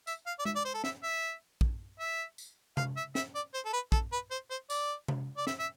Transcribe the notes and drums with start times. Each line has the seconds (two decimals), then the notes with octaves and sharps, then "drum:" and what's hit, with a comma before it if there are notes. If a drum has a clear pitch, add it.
0.07 E5, drum: tambourine
0.26 F5
0.39 D5
0.45 E5, drum: tom G#3
0.55 D5
0.65 C5
0.74 A4
0.84 E5, drum: snare
1.03 E5
1.61 drum: kick
2.00 E5
2.38 drum: tambourine
2.77 F5, drum: tom C3
2.97 E5
3.15 E5, drum: snare
3.35 D5
3.54 C5
3.65 A4
3.73 B4
3.92 A4, drum: kick
4.12 B4
4.31 C5
4.50 C5
4.70 D5, drum: tambourine
5.08 drum: tom C3
5.37 D5
5.47 E5, drum: snare
5.59 E5